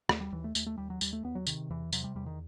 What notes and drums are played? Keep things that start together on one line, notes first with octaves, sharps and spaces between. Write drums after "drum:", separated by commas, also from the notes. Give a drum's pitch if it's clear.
D#2 A3, drum: rim click
G3
D#2 E3
A3
D#2 A3, drum: tambourine
A3
D#2 G3
F#3
D#2 G3, drum: tambourine
A3
D#2 B3
F#3
C3 D#3, drum: tambourine
E2 E3
C3 F#3, drum: tambourine
G3
E2 G3
D#3